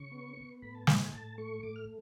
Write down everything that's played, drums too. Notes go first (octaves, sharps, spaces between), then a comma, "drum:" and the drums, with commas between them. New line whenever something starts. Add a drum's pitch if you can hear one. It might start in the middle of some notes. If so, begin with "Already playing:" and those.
Already playing: C#3 C#6
B3
B3
A2 B5
A5
A2 A5, drum: snare
G#5
A2 A5
A3 C#6
A2 D6
F6